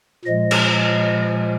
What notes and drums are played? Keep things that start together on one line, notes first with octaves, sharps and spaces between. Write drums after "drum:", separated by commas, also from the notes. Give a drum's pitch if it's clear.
A#2 F3 G#3 D#5
drum: cymbal